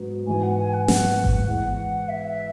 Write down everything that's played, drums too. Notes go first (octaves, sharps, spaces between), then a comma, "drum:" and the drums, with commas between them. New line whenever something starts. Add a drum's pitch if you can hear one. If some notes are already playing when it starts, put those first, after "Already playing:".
Already playing: G#2 F#3 B3
G#2 E3 B3 F#4 G#5
F#5
G#5
F#5
F#5, drum: snare
drum: kick G#1
E3 G#3 B3 E4 F#5
E5